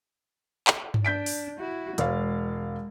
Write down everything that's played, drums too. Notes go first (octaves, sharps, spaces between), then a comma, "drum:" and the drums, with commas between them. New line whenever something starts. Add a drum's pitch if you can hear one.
drum: clap
drum: tom G2
D4 G6 B6 D7
drum: open hi-hat
E4 F#4
E1 G#3 C#5 F5, drum: hi-hat